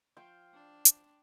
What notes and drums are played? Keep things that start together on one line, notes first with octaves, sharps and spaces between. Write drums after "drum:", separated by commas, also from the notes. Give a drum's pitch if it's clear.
F3 F4 G5 C6
D4
drum: hi-hat